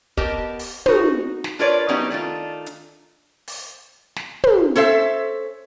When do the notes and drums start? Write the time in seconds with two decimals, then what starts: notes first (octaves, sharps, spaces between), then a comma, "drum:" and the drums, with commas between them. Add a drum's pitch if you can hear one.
0.17 B3 G4 A#4 D#5 A5, drum: kick
0.59 drum: open hi-hat
0.86 D#4 F#4, drum: tom
1.44 drum: snare
1.59 D4 F4 A#4 B4 C#5 D5
1.88 F#3 G3 B3 C#4 D#4 E4
2.10 D#3 A3 D4 F4
2.66 drum: hi-hat
3.48 drum: open hi-hat
4.16 drum: snare
4.44 drum: tom
4.75 C#4 A4 C5 E5, drum: hi-hat